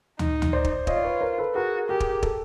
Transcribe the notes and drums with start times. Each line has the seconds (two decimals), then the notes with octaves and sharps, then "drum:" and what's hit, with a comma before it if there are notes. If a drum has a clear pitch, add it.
0.19 D#4, drum: tom
0.42 drum: tom
0.53 C5 D5
0.65 drum: kick
0.87 F4 C#5 D#5, drum: kick
0.96 D5
1.04 B4 C#5
1.21 A#4 C5
1.38 A4 B4
1.54 F#4 G#4 A#4
1.89 G4 G#4 A#4
2.00 drum: kick
2.23 G4 A4, drum: kick